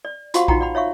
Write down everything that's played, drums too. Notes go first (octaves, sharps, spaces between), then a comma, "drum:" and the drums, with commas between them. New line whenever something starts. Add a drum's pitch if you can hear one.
D5
F4 F#4 C5 F5 F#5 C#6, drum: hi-hat
D#4 F4 F#4 F#5 G5 A#5, drum: kick A#1
D5 F#5 B5
C#5 E5 F5 C#6